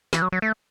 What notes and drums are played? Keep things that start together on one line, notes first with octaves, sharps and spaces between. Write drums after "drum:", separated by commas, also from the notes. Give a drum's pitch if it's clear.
E3, drum: snare
F#3
F#3
A3